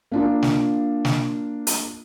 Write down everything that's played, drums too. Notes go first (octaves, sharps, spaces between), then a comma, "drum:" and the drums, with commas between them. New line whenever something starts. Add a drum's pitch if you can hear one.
A#3 D4 F4
drum: snare
drum: snare
drum: hi-hat